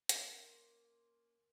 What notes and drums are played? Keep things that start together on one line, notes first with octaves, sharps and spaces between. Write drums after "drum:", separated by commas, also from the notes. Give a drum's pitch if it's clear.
A#3 C#4 F4, drum: hi-hat